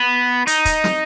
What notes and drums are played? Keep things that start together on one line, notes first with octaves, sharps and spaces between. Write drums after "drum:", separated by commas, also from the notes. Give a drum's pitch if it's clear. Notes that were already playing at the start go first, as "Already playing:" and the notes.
Already playing: B3
D#4, drum: hi-hat
drum: kick, hi-hat
drum: snare